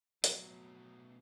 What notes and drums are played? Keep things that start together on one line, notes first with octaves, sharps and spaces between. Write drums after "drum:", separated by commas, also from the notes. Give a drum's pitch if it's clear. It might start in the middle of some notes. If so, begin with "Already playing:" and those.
B2 F#3 A3, drum: hi-hat